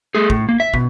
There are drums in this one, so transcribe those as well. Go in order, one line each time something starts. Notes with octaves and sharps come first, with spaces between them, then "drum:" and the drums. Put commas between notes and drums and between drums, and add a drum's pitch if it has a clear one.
A3 G#4
A2, drum: kick
A#3
E5
B2, drum: kick